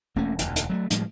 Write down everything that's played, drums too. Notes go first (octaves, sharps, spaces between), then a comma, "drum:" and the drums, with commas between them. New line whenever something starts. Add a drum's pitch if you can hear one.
E1 A3 A#3 C#4
E1 D2, drum: hi-hat
drum: hi-hat
F#3 G#3 A3
A2 F3 G3 G#3, drum: hi-hat